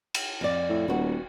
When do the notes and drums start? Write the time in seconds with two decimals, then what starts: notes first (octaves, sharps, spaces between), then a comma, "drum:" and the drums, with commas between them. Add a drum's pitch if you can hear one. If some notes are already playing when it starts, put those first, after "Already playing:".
0.14 drum: cymbal
0.41 F2 D5
0.70 A2
0.88 D#1 B3 F#4